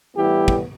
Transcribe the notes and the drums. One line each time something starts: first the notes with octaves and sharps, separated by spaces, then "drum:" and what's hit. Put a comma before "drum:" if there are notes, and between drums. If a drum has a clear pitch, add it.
A2 E3 G3 B3 E4 G4
drum: kick